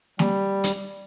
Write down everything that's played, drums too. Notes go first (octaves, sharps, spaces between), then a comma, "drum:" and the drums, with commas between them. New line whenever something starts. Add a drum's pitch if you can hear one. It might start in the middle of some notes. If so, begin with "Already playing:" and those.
G3, drum: snare
drum: hi-hat